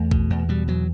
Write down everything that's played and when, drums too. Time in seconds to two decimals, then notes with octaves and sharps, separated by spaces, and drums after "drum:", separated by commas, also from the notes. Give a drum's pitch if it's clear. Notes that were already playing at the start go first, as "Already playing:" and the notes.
Already playing: E2 A3
0.11 B2, drum: kick A#1
0.30 E2
0.49 B2 G3
0.68 E2 F#3